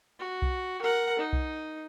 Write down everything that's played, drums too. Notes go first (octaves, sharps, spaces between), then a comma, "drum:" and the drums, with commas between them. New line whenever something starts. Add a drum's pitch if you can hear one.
F#4
drum: kick B1
A#4 F#5
D#4
drum: kick B1